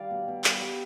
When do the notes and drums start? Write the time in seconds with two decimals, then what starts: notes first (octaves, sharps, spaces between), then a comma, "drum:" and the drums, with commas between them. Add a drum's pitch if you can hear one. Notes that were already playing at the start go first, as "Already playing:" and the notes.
Already playing: D#3 G3 D5 F5
0.11 B2
0.28 B2
0.44 G3 D5, drum: clap
0.62 G3